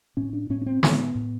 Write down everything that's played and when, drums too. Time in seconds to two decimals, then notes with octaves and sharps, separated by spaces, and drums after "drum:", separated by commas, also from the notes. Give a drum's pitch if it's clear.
0.17 A2 C#4
0.33 D4
0.50 A2 C#4
0.62 C#4
0.66 C4
0.83 A2 B3, drum: snare
1.15 A2